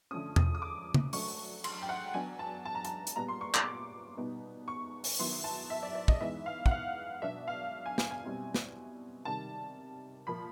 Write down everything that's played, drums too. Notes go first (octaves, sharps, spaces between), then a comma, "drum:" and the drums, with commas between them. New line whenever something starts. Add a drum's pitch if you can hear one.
D3 F3 A3 C#4 D#6
D#6, drum: tom E2
D#6
D6
drum: tom C#3
F#3 A3 D4 C#6, drum: open hi-hat
C6, drum: cymbal
G5
F#5
F#3 B3 D4 G#5
A5
A5
A#5
A5, drum: hi-hat
drum: hi-hat
A#2 G3 B3 A#5
C6
C#6
D6, drum: clap
B2 G3 B3 D#4
C#6
drum: open hi-hat
D#3 F#3 B3 E4 C6
A5
E5
D5
D5
D#5, drum: kick
E3 G#3 B3 D#4 E5
F5
F#5, drum: kick
F5
B2 F#3 B3 D4 E5
F5
G#5
G#5, drum: snare
G#5
B2 G3 C4 E4
drum: snare
C3 D#3 G3 A5
A#2 F3 A#3 B5